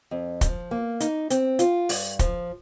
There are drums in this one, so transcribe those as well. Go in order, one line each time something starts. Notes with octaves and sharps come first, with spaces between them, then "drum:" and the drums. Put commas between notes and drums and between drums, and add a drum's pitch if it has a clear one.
F2
F3, drum: kick, hi-hat
A#3
D#4, drum: hi-hat
C4, drum: hi-hat
F4, drum: hi-hat
G2, drum: open hi-hat
F3, drum: kick, hi-hat